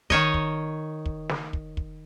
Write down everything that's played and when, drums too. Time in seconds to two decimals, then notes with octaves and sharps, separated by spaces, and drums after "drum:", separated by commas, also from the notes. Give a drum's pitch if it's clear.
0.10 D#3 C#5 D#5, drum: kick
0.34 drum: kick
1.06 drum: kick
1.29 drum: snare
1.53 drum: kick
1.77 drum: kick